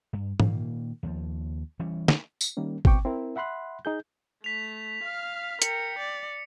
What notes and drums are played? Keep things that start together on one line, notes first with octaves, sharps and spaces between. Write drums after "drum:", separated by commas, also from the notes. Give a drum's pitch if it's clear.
G2
A#2 D#3 A#3, drum: tom G#2
D#2 F3
E3 G3 C#4
drum: snare
drum: tambourine
D#3 G3 A#3 C#4
C2 B2 C4 G5 C#6 D6, drum: kick
C4 E4 A#4
E5 F#5 B5 C6 F#6
D#4 G#4 G6
A3 B6 F7
F5 F6
A#4 G5 C#7, drum: hi-hat
D5